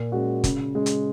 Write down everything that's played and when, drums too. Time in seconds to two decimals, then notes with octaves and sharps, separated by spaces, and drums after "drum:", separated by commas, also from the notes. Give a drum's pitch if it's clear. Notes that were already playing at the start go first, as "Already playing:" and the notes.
Already playing: A#2
0.12 G#3 C#4 F#4
0.44 C#3, drum: kick, hi-hat
0.75 G#3 C#4
0.86 drum: hi-hat